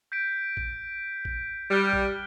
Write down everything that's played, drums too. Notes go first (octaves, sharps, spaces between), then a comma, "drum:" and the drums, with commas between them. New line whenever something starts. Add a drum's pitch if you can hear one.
G6 B6 D7
drum: kick A#1
drum: kick A#1
G3 F6 F#6 G7
drum: kick A#1